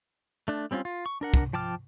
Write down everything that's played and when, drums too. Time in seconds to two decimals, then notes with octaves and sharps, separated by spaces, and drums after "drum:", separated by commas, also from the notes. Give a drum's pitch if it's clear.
0.48 A3 D4
0.71 G3 C4 C#4 E4 F4
0.85 F4
1.06 C#6
1.21 D4 A#4 F#5
1.34 drum: kick
1.53 F3 G5 A5 D6 F6